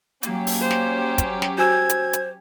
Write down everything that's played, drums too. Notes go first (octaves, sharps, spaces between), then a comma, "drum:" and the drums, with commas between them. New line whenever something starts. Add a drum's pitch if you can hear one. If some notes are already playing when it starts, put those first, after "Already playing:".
F#3 A#3 C#4 G4, drum: hi-hat
drum: open hi-hat
C5
drum: snare
drum: kick, hi-hat
drum: snare
F#4 C5 G#5 E6 G#6
drum: hi-hat
drum: hi-hat